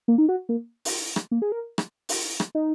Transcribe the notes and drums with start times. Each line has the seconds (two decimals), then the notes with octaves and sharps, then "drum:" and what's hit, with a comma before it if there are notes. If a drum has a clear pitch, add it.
0.08 A#3
0.18 D#4
0.29 F#4
0.49 A#3
0.85 drum: open hi-hat
1.16 drum: rim click
1.31 A#3
1.42 G#4
1.52 A#4
1.78 drum: rim click
2.09 drum: open hi-hat
2.40 drum: rim click
2.55 D#4